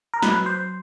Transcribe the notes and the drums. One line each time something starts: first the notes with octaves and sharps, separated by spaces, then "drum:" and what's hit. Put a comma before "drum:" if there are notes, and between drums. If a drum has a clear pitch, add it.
A#4
F#3 B4, drum: snare
C5